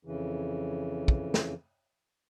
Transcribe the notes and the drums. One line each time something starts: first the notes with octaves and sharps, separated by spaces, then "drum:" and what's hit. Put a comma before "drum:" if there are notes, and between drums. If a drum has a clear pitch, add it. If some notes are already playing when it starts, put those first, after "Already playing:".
F2 C#3 E3
drum: kick
drum: snare